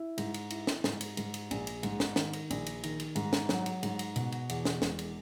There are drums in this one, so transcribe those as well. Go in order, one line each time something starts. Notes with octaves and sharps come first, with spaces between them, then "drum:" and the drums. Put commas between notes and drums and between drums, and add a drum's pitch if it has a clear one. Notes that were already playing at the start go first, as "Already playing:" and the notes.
Already playing: E4
G#2, drum: cymbal
drum: cymbal
E4, drum: cymbal
drum: snare
G#2, drum: snare
drum: cymbal
G#2, drum: cymbal
drum: cymbal
A#1, drum: cymbal
drum: cymbal
G#2, drum: cymbal
drum: snare
D#3, drum: snare
drum: cymbal
A#1, drum: cymbal
drum: cymbal
D#3, drum: cymbal
drum: cymbal
G#2, drum: cymbal
drum: snare
F#3, drum: snare
drum: cymbal
G#2, drum: cymbal
drum: cymbal
B2, drum: cymbal
drum: cymbal
E2, drum: cymbal
drum: snare
E1, drum: snare
drum: cymbal